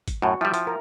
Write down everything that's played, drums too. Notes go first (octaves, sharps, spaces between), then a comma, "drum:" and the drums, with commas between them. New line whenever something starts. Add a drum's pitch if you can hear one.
drum: kick, hi-hat
F#2 A2 F#4
F3 G3 E4 E5 G5
F3, drum: hi-hat
A#4